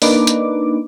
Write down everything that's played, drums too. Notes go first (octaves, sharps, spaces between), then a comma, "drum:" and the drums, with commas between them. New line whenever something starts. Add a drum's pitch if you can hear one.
A#3 D4 D#4 B4 D6, drum: open hi-hat
drum: hi-hat